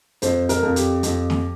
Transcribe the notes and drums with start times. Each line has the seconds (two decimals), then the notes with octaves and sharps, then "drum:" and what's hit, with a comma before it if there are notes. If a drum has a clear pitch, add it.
0.22 F2 C5, drum: hi-hat
0.49 A#4, drum: hi-hat
0.63 F2
0.76 G4, drum: hi-hat
1.03 F2, drum: hi-hat
1.30 drum: snare